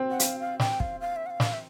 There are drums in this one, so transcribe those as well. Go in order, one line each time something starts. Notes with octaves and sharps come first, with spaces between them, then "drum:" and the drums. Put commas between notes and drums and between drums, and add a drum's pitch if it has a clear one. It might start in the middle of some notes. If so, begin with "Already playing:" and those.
Already playing: C4
F#5
F5, drum: hi-hat
F5
G5, drum: snare
F5, drum: kick
F5
E5
F#5
F5
drum: snare
E5